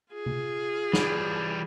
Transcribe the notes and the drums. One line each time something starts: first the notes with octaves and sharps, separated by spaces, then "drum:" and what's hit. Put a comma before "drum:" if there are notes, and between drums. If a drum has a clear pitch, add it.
F4 G#4
drum: tom C3
E3 G3, drum: snare